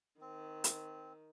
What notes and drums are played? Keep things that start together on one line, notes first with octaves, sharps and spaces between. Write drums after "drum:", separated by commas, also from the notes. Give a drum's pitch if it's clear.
D#3 C4
drum: hi-hat